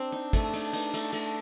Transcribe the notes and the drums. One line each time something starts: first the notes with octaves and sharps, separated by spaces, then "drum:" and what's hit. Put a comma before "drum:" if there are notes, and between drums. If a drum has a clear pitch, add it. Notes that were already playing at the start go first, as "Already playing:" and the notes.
Already playing: C4 D4
D#4
A3, drum: kick, cymbal
D#4, drum: cymbal
D#4, drum: cymbal
A3, drum: cymbal
A3, drum: cymbal